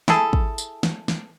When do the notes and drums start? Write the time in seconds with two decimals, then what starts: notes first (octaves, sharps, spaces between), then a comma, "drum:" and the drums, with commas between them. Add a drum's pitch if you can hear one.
0.08 E4 G#4 A4, drum: snare
0.33 drum: kick
0.58 drum: tambourine
0.83 drum: snare
1.08 drum: snare